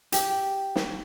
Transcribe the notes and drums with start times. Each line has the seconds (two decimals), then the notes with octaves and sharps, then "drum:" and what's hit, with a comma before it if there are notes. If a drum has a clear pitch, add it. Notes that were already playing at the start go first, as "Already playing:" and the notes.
0.12 G4, drum: hi-hat
0.76 drum: snare